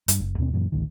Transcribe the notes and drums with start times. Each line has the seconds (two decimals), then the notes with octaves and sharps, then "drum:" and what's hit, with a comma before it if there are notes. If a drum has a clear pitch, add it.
0.08 G2, drum: hi-hat
0.20 F#1
0.38 D#2 B2 B3 C4
0.53 F#2 A#2 E3
0.72 A1 D2 D#3